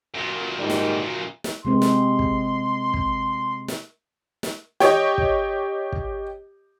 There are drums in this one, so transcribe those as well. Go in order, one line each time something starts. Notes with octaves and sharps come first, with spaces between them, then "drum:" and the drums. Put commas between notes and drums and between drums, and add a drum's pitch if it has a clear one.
F#2 A#2
G#2 D#3 G3
drum: snare
drum: snare
C3 G#3 C4 C6
drum: snare
drum: kick
drum: kick
drum: snare
drum: snare
G4 C#5 D#5, drum: snare
drum: kick
drum: kick